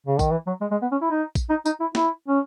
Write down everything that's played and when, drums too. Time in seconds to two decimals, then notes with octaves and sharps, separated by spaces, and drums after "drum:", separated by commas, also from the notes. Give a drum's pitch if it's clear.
0.07 C#3
0.19 D#3, drum: kick, tambourine
0.31 E3
0.47 F#3
0.61 G#3
0.71 G#3
0.82 B3
0.91 C#4
1.01 E4
1.11 D#4
1.35 drum: kick, tambourine
1.50 D#4
1.66 D#4, drum: tambourine
1.80 E4
1.95 E4, drum: snare
2.28 C#4